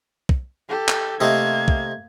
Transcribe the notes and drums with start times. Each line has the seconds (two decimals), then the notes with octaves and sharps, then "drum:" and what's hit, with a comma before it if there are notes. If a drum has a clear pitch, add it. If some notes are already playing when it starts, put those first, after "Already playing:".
0.29 drum: kick
0.69 G4 A4
0.89 drum: clap
1.21 C3 A3 A#3 D#4 G#6
1.68 drum: kick